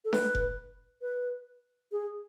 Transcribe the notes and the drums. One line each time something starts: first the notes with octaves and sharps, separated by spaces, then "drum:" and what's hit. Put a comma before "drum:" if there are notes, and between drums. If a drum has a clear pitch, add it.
A4
B4, drum: snare D4
drum: kick F1
B4
G#4